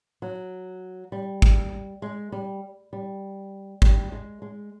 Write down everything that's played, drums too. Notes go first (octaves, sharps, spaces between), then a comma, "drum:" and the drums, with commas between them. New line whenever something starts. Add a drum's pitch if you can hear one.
F#3
G3
drum: kick
G#3
G3
G3
G3, drum: kick
G#3
G#3